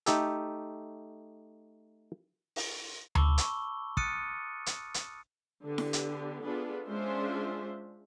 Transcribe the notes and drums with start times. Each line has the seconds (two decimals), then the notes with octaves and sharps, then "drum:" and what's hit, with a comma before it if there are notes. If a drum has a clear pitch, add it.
0.06 A3 D#4 G4 A4, drum: hi-hat
2.56 drum: open hi-hat
3.15 A5 B5 C#6 D6 E6 G7, drum: tom D2
3.38 C#6 G7, drum: hi-hat
3.97 D#6 F6 F#6 A6 C#7 D#7, drum: kick
4.66 drum: hi-hat
4.94 drum: hi-hat
5.65 D3 B3 G4
5.78 drum: snare E4
5.93 drum: hi-hat
6.44 B3 D4 F4 G#4 A4 B4
6.87 G#3 C#4 D4 F4 C5 E5